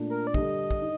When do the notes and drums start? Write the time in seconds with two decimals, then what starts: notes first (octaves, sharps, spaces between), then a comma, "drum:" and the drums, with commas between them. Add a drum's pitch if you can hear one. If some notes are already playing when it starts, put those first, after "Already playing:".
Already playing: A#2 A3 D4
0.10 A#4
0.27 D5
0.34 D3 G3 D4 A4 D#5, drum: kick
0.71 drum: kick
0.82 D#4